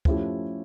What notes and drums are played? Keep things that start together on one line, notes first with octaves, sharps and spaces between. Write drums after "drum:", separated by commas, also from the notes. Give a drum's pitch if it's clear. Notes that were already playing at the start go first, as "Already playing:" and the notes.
F3 A3 C#4 E4 G4, drum: kick